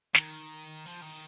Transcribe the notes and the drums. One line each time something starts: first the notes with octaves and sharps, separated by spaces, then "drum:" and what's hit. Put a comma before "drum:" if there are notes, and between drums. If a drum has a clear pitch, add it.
D#3, drum: snare
F3
D#3